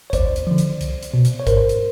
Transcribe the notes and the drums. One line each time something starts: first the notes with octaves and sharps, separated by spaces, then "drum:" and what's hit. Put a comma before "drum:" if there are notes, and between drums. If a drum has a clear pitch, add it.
C#5
D#2 C5 D5, drum: kick G#1, hi-hat
drum: hi-hat
D3 F3
drum: hi-hat
C2, drum: hi-hat
drum: hi-hat
B2
drum: hi-hat
C#5
G#2 A#4 C5, drum: kick G#1, hi-hat
drum: hi-hat